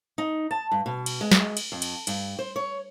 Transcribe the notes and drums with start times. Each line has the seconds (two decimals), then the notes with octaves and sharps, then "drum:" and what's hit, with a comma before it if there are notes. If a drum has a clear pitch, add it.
0.18 D#4
0.51 A5
0.72 G2
0.86 B2
1.06 drum: cymbal
1.21 G#3
1.32 drum: snare
1.57 drum: cymbal
1.72 F2
1.82 drum: cymbal
2.07 G2, drum: cymbal
2.39 C5
2.56 C#5